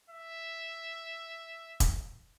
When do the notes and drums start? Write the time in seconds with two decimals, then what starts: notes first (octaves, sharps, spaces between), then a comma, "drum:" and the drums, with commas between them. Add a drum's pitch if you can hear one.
0.10 E5
1.80 drum: kick, hi-hat